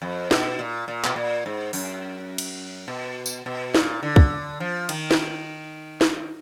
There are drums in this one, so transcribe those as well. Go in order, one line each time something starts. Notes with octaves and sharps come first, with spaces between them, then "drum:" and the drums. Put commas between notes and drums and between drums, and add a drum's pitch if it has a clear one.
F2
B2, drum: snare
A#2
A#2
B2, drum: clap
A#2
G#2
F#2, drum: open hi-hat
drum: cymbal
B2
drum: tambourine
B2
A#2, drum: snare
D3
drum: kick
F3
D#3, drum: cymbal
drum: snare
drum: snare